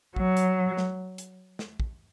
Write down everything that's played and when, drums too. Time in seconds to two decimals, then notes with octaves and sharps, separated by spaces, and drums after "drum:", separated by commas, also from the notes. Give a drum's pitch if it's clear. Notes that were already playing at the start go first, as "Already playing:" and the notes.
0.16 F#3, drum: kick
0.37 drum: hi-hat
0.77 drum: snare
1.18 drum: hi-hat
1.59 drum: snare
1.80 drum: kick